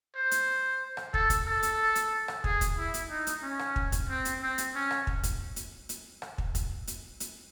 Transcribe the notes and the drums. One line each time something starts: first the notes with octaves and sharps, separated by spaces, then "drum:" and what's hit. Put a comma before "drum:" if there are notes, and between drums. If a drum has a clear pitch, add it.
C5
drum: hi-hat
drum: rim click
A4, drum: kick
drum: kick, hi-hat
A4
drum: hi-hat
drum: hi-hat
drum: rim click
G#4, drum: kick
drum: kick, hi-hat
E4
drum: hi-hat
D#4
drum: hi-hat
C#4
drum: rim click
drum: kick
drum: kick, hi-hat
C4
drum: hi-hat
C4
drum: hi-hat
C#4
drum: rim click
drum: kick
drum: kick, hi-hat
drum: hi-hat
drum: hi-hat
drum: rim click
drum: kick
drum: kick, hi-hat
drum: hi-hat
drum: hi-hat